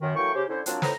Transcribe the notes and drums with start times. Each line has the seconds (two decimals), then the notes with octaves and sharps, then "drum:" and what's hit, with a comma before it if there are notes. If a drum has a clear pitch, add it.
0.01 F#2 D#3
0.16 E3 F#3 A3 A#3 G5 C#6
0.34 C#3 C#4 G4 C5
0.48 D3 C#4 E4 C5
0.66 F3 F#3 A#3 C4 D4, drum: hi-hat
0.82 F2 A2 C#4 B4 C5 A#5, drum: snare